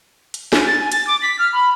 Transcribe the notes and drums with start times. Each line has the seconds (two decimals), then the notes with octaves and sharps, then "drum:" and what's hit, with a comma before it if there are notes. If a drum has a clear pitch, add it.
0.34 drum: hi-hat
0.53 G#5, drum: snare
0.66 A6
0.80 G#5
0.92 A6, drum: hi-hat
1.07 D6
1.22 B6
1.39 F6
1.53 B5